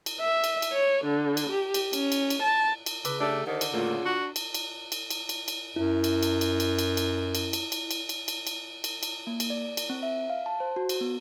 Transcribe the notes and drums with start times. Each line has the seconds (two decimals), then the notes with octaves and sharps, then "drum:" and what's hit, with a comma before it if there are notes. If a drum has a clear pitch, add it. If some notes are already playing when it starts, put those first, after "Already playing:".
0.06 drum: cymbal
0.21 E5
0.44 drum: cymbal
0.62 drum: cymbal
0.73 C#5
1.04 D3
1.37 drum: cymbal
1.50 G4
1.74 drum: cymbal
1.93 C#4, drum: cymbal
2.12 drum: cymbal
2.30 drum: cymbal
2.42 A5
2.86 drum: cymbal
3.05 C#3 B4 D6 E6, drum: cymbal
3.20 A3 D4 G4
3.47 D3 D#3 C5
3.61 drum: cymbal
3.74 A2 C#3 A3 A#3 F4
4.05 D4 F#4
4.36 drum: cymbal
4.54 drum: cymbal
4.92 drum: cymbal
5.10 drum: cymbal
5.29 drum: cymbal
5.48 drum: cymbal
5.76 F#2 E4
6.04 drum: cymbal
6.23 drum: cymbal
6.41 drum: cymbal
6.60 drum: cymbal
6.79 drum: cymbal
6.97 drum: cymbal
7.35 drum: cymbal
7.53 drum: cymbal
7.72 drum: cymbal
7.91 drum: cymbal
8.09 drum: cymbal
8.28 drum: cymbal
8.47 drum: cymbal
8.84 drum: cymbal
9.03 drum: cymbal
9.27 A#3
9.40 drum: cymbal
9.50 D5
9.77 drum: cymbal
9.90 C4
10.03 E5
10.30 F5
10.46 A5
10.60 C5
10.76 F#4
10.89 drum: cymbal
11.01 B3